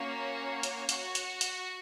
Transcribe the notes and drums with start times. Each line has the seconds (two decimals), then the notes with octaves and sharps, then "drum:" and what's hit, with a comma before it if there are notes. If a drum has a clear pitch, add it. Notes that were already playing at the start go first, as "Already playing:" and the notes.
Already playing: A#3 C#4 F#4 C#5
0.63 drum: hi-hat
0.89 F#4, drum: hi-hat
1.15 drum: hi-hat
1.41 drum: hi-hat